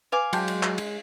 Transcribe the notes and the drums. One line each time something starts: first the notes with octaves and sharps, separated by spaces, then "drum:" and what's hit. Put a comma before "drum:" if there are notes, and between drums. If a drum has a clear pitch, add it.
B4 F5 G#5 D6
F#3 G#3 G5 A5 C6 G6, drum: cymbal
drum: cymbal
drum: clap
drum: cymbal